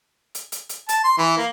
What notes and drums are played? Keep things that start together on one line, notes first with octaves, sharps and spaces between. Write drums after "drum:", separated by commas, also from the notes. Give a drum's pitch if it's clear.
drum: hi-hat
drum: hi-hat
drum: hi-hat
A5, drum: hi-hat
C6
E3
A#3